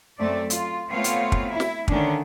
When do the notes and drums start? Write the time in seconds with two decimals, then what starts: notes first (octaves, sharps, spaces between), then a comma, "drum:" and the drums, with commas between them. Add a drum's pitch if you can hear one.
0.18 F#2 A3 C4 D5
0.50 F4, drum: hi-hat
0.90 A3 B3 C4 F4 C#5 F5
1.04 drum: hi-hat
1.32 drum: kick
1.49 E4
1.60 drum: snare
1.88 D3 D#3 A3 C#4 D4, drum: kick